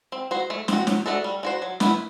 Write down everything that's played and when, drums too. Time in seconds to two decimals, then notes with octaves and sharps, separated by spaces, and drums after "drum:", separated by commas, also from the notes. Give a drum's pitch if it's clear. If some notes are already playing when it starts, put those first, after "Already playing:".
0.12 C4
0.31 F#4 C5
0.50 A3
0.68 C4 F#4, drum: snare
0.87 F#3, drum: snare
1.06 A3 D4 F#4 A4
1.24 G3
1.43 D4 F#4 C5
1.62 F#3
1.80 B3 E4 B4, drum: snare